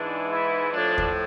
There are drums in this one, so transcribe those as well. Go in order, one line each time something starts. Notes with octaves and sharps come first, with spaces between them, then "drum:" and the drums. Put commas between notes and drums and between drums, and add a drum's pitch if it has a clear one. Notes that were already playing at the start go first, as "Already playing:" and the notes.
Already playing: G#2 E3 D4
E4
A2 F3 D4
drum: kick D#2